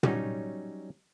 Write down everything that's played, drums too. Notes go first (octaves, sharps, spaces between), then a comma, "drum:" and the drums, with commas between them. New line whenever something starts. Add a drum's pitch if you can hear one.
F#3 G3 C#4 D#4, drum: tom